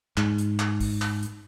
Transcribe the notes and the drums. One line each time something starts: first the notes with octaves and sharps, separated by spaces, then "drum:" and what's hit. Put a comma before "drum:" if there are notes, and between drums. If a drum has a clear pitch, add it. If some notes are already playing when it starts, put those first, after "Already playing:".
G#2, drum: clap
drum: hi-hat
drum: clap
drum: kick, open hi-hat
drum: clap
drum: hi-hat